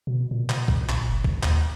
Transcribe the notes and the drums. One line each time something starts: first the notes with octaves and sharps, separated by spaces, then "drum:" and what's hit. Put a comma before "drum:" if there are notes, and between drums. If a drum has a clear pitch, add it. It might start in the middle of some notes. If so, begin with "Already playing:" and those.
B2
A#2
A#2, drum: clap
drum: kick
B1, drum: clap
F#1
drum: kick
D#2, drum: clap